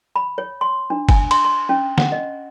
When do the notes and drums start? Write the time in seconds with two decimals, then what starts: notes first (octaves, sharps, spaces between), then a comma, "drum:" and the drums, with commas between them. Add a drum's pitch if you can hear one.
0.16 B5
0.38 C#5
0.61 C6
0.90 D4
1.09 G#5, drum: kick G1, cymbal
1.31 C6, drum: cymbal
1.44 C6
1.69 C#4
1.98 F#5, drum: snare
2.12 D#5